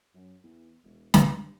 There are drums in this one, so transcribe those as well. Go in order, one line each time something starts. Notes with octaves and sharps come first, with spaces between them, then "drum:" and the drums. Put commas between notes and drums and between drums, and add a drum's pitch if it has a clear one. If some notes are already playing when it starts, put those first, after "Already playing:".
F#2
E2
E1
drum: snare
G2